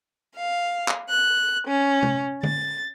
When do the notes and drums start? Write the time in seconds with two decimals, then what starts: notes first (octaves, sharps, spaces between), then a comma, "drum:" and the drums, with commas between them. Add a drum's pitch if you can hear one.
0.37 F5
0.88 drum: clap
1.09 F#6
1.67 C#4
2.03 drum: tom C3
2.43 A6, drum: tom D3